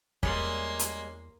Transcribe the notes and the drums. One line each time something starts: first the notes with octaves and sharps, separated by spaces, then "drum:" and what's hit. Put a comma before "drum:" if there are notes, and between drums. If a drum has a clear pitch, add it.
E2 G3 G#3 A#3 C#4 C6, drum: kick
drum: hi-hat